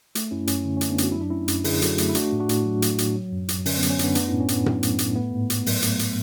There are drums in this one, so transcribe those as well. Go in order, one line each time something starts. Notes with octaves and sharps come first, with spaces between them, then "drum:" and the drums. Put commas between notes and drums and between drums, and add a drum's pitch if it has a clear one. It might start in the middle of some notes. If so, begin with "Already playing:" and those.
A3, drum: hi-hat
F#2 C#4 E4
F#2 C#4, drum: hi-hat
D3
C#4
A3, drum: hi-hat
B3 D4
F#2 F#4, drum: hi-hat
F#3 E4
D4
A3 C#4 E4
F#2, drum: hi-hat
D3 E4 G#4, drum: open hi-hat
F#3 F#4 A4, drum: hi-hat
A3, drum: hi-hat
E4
A3 D4 F#4, drum: hi-hat
A2
D4 F#4
A2, drum: hi-hat
F#3
A3, drum: hi-hat
A2, drum: hi-hat
F#3
F#2
F#2, drum: hi-hat
D3 C#4, drum: open hi-hat
B3
F#3, drum: hi-hat
C#4
F#2 B3 D4, drum: hi-hat
A3 B3 D4, drum: hi-hat
C#4 E4
A2
C#4
A2, drum: hi-hat
B3
F#3, drum: tom A#2
A3, drum: hi-hat
A2, drum: hi-hat
A3 B3
G#2
G#2, drum: hi-hat
F#3, drum: open hi-hat
A3, drum: hi-hat
drum: hi-hat